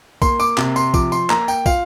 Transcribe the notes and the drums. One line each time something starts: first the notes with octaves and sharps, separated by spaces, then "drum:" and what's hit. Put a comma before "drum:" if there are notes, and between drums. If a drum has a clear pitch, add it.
A#3 C6, drum: kick, tambourine
D6, drum: tambourine
C3, drum: clap
C6, drum: tambourine
F3 D6, drum: kick, tambourine
C6, drum: tambourine
A#3 A#5, drum: clap
G5, drum: tambourine
F4 F5, drum: kick, tambourine